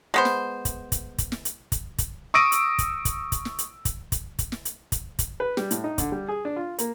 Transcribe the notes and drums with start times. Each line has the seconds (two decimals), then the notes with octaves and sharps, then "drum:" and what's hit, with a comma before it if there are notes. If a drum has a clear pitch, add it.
0.14 G#3 B3 C5
0.25 drum: snare
0.65 drum: kick, hi-hat
0.92 drum: kick, hi-hat
1.18 drum: kick, hi-hat
1.32 drum: snare
1.45 drum: hi-hat
1.72 drum: kick, hi-hat
1.98 drum: kick, hi-hat
2.34 C#6 D#6 E6 A#6 D7 D#7
2.52 drum: hi-hat
2.78 drum: kick, hi-hat
3.05 drum: kick, hi-hat
3.32 drum: kick, hi-hat
3.45 drum: snare
3.59 drum: hi-hat
3.85 drum: kick, hi-hat
4.12 drum: kick, hi-hat
4.39 drum: kick, hi-hat
4.52 drum: snare
4.65 drum: hi-hat
4.92 drum: kick, hi-hat
5.19 drum: kick, hi-hat
5.40 B4
5.57 G3, drum: snare
5.71 A2, drum: hi-hat
5.84 D#4
5.98 D3, drum: kick, hi-hat
6.12 G3
6.28 G#4
6.45 D4
6.56 F4
6.79 A#3, drum: hi-hat